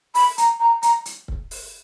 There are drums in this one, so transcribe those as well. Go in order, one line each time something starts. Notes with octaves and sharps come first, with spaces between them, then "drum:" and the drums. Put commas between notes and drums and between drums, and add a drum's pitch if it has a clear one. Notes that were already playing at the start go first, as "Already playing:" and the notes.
B5, drum: open hi-hat
A#5, drum: hi-hat
A#5
A#5, drum: hi-hat
drum: hi-hat
drum: kick C#1
drum: open hi-hat